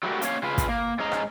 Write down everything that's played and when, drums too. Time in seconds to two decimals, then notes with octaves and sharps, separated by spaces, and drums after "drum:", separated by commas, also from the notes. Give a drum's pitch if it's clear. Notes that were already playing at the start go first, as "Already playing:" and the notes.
0.03 F#3 G3 A3 F#4 G4 A#4
0.22 A#3 C#4 D4 G#4 C#5 F5, drum: hi-hat
0.43 C#3 F4 B4
0.58 drum: kick, hi-hat
0.69 A#3
0.99 G#2 C#4 G#4 D#5 A#5
1.12 drum: rim click